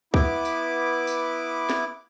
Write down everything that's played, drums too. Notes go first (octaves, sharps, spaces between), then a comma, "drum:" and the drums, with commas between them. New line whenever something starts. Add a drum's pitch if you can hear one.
B3 E4 D6, drum: kick C#2
drum: tambourine
drum: tambourine
drum: snare